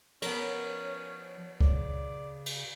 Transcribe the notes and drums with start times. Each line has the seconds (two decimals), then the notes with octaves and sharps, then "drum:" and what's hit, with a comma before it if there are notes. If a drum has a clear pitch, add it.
0.22 F3 B3 C#4 A#4 C#5, drum: cymbal
1.60 C#3 D5, drum: kick C#2
2.46 drum: cymbal